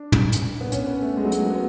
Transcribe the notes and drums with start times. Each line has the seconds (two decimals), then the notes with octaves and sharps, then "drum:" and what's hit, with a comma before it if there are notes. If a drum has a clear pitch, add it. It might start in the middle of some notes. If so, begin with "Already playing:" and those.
Already playing: D4
0.12 drum: tom
0.32 drum: hi-hat
0.61 B3
0.72 C#4, drum: hi-hat
0.87 B3
1.02 A3
1.17 G#3
1.25 F#3
1.32 G#3, drum: hi-hat
1.46 B3